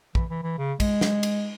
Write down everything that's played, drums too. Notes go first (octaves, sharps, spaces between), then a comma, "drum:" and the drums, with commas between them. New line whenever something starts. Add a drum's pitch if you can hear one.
E3, drum: kick
E3
E3
C#3
G#3, drum: kick, cymbal
drum: snare
drum: cymbal